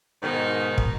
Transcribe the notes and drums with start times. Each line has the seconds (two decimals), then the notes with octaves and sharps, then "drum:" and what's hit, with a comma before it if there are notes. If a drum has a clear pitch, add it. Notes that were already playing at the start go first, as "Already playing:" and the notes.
0.23 G#2 B2 D#3 D#4
0.78 drum: kick